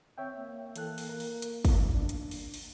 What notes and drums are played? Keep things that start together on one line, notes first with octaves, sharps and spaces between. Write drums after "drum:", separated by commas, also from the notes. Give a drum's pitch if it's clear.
C4 C#5 E5 G5
A#3
E3 A4 F#6, drum: hi-hat
drum: open hi-hat
A#4
drum: open hi-hat
drum: hi-hat
drum: kick, open hi-hat
D4
drum: hi-hat
drum: open hi-hat
drum: open hi-hat